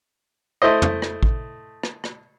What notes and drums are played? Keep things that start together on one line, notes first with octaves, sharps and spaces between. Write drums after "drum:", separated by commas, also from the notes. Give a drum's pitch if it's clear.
A3 E4 C5 D#5
drum: tom
drum: rim click
drum: kick
drum: rim click
drum: rim click